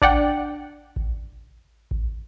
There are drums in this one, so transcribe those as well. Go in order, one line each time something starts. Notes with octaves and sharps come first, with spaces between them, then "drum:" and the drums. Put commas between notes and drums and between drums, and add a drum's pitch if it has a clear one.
D4 D5 F#5 G5, drum: kick A1
drum: kick A1
drum: kick A1